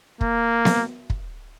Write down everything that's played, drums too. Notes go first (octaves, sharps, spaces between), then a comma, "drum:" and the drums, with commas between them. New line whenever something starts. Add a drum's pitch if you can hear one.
A#3, drum: kick
drum: snare B3
drum: kick